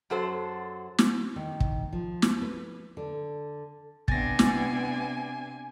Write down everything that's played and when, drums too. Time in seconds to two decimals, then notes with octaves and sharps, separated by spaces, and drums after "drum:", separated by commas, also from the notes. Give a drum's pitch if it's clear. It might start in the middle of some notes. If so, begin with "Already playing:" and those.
0.10 F#2 F#3 F#4 A4 C5 A5
0.98 drum: snare
1.36 D#3
1.60 drum: kick
1.93 F3
2.22 drum: snare
2.42 B4
2.97 D3
4.08 C3 B3 D4 G#5 A6 A#6, drum: kick
4.39 drum: snare